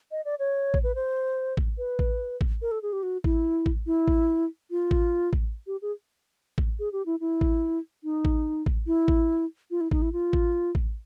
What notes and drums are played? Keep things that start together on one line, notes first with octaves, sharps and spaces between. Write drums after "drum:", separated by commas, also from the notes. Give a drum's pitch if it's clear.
D#5
D5
C#5
drum: kick A1
B4
C5
drum: kick A1
B4
drum: kick A1
drum: kick A1
A#4
A4
G#4
G4
F#4
E4, drum: kick A1
drum: kick A1
E4
drum: kick A1
F4
drum: kick A1
drum: kick A1
G4
G#4
drum: kick A1
G#4
G4
E4
E4
drum: kick A1
D#4
drum: kick A1
drum: kick A1
E4
drum: kick A1
F4
E4
D#4, drum: kick A1
E4
F4
drum: kick A1
drum: kick A1